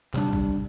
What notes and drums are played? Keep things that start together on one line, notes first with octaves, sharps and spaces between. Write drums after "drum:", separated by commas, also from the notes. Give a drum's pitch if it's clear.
C3 G3 D4, drum: clap
drum: kick A1